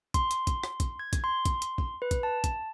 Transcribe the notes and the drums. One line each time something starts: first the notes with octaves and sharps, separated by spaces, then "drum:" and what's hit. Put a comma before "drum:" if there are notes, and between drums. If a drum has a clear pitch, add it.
C6, drum: kick, hi-hat
drum: hi-hat
drum: kick, hi-hat
drum: rim click
drum: kick, hi-hat
G#6
drum: kick, hi-hat
C6
drum: kick, hi-hat
drum: hi-hat
drum: kick
B4
drum: kick, hi-hat
A5
drum: kick, hi-hat